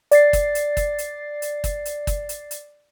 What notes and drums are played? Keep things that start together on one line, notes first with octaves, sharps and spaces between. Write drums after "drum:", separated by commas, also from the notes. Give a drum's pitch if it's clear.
D5 A6 C7, drum: hi-hat
drum: kick, hi-hat
drum: hi-hat
drum: kick, hi-hat
drum: hi-hat
drum: hi-hat
drum: kick, hi-hat
drum: hi-hat
drum: kick, hi-hat
drum: hi-hat
drum: hi-hat